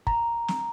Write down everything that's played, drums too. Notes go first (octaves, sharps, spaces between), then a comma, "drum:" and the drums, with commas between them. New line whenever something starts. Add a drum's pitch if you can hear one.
A#5, drum: kick
drum: snare